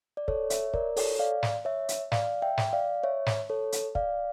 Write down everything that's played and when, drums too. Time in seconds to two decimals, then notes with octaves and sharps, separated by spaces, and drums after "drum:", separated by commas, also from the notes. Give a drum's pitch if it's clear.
0.17 D5
0.28 A4 C#5, drum: kick
0.50 C#5 E5, drum: hi-hat
0.74 A#4 D5, drum: kick
0.97 A4 C#5, drum: open hi-hat
1.19 D5 F5
1.43 drum: snare
1.65 C#5 E5
1.89 drum: hi-hat
2.12 D5 F5, drum: snare
2.42 E5 G5
2.58 drum: snare
2.73 D5 F5
3.04 C#5 E5
3.26 drum: snare
3.50 A4 C#5
3.72 drum: hi-hat
3.95 D5 F5, drum: kick